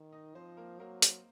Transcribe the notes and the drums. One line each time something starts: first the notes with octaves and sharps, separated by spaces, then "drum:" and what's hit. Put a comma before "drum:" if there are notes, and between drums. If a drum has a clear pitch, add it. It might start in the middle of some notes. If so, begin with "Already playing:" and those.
Already playing: D#3
D#4 D#5
F3 C4 C5
A#3 A#4
F#3 A#3 A#4
drum: hi-hat